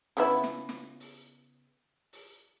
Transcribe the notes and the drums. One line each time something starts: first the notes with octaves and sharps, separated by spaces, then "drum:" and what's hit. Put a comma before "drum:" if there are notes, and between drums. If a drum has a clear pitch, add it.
C#3 B3 E4, drum: open hi-hat
drum: snare
drum: snare
drum: open hi-hat
drum: open hi-hat